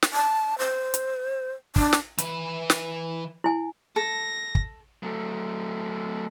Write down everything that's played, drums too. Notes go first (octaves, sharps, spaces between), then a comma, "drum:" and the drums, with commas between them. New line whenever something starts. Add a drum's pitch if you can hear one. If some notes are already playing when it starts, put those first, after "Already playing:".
drum: snare
A5
C5
drum: hi-hat
D4, drum: kick
drum: snare
E3 B4, drum: hi-hat
drum: snare
E4 G#5
A4 A#6
drum: kick
F#3 A3